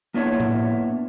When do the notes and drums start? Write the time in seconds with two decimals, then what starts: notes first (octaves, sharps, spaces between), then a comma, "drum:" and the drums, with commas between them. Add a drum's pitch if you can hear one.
0.14 A#3 B3 D4 E4 C#5
0.40 drum: tom A2